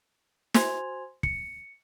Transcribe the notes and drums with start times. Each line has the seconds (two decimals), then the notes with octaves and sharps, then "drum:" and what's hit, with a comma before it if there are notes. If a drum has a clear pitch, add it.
0.54 F#4 C5 G#5 C6 G#6 F7, drum: snare
1.23 C#7, drum: kick